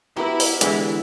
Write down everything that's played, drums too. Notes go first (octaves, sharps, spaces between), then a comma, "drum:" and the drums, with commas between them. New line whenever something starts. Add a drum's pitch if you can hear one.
B3 E4 F#4 G4 A#4 B4
drum: open hi-hat
D3 E3 G#3 B3 E4 G#4, drum: hi-hat